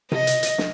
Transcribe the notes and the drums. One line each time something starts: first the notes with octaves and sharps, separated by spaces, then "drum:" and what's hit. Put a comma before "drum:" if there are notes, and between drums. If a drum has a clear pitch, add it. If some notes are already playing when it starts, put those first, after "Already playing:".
D#5, drum: tom C3
drum: hi-hat
drum: hi-hat
drum: snare